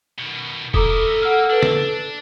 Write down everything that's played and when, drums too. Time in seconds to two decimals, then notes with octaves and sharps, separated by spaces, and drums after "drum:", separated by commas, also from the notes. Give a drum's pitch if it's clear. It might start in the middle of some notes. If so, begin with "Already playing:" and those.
0.18 B2 D#3
0.74 E4 A4 A#4 A#5 D6 D#6, drum: kick E1
1.22 A#3 F#5 E6 F6
1.50 D4 B4 F#7
1.63 drum: snare